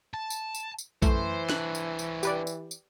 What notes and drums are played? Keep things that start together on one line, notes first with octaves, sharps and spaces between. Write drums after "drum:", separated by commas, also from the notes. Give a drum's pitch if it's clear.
A5
drum: tambourine
drum: tambourine
drum: tambourine
F#2 E3 A3 C5 C6, drum: kick A#1, tambourine
D4 C5 F#6, drum: snare
drum: tambourine
drum: tambourine
G4 B4 D5, drum: tambourine
drum: tambourine
drum: tambourine